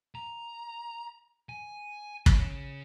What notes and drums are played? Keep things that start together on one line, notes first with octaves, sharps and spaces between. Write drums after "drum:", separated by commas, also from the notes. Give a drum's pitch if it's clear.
A#5
G#5
C#3, drum: kick